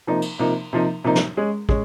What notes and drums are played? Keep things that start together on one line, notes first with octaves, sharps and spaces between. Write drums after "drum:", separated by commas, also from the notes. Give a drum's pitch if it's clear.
C3 F3 A#3 D#4
drum: cymbal
C3 F3 A#3 D#4
C3 F3 A#3 D#4
C3 F3 A#3 D#4
drum: snare
G#3 C#4 G#4
G#3 C#4 G#4, drum: kick